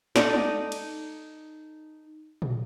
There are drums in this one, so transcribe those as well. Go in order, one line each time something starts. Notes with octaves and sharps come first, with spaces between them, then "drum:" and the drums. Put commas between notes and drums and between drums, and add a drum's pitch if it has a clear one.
D#4 A4 D5, drum: snare
drum: tom G#3
drum: cymbal
drum: tom A#2